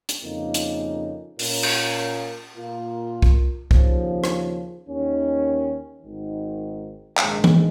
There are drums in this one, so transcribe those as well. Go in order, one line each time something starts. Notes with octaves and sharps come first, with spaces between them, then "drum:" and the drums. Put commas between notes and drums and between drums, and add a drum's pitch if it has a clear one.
drum: hi-hat
F2 C#3 A#3 D#4
drum: hi-hat
A#2 A#3 C#4 A#4, drum: open hi-hat
drum: cymbal
A#2 A#3 F4 A#4
drum: kick C2
D#2 C#3 F3, drum: kick C2
drum: rim click
D#2 D#3 C#4
G#1 G#2 D#3
A#1 G#2 D#3 G#3, drum: clap
drum: tom E3